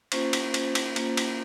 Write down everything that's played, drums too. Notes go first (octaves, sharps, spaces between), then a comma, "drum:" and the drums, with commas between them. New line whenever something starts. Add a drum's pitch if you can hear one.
A#3 C#4 F4 C5, drum: cymbal
drum: cymbal
drum: cymbal
drum: cymbal
A#3 C#4 F4, drum: cymbal
drum: cymbal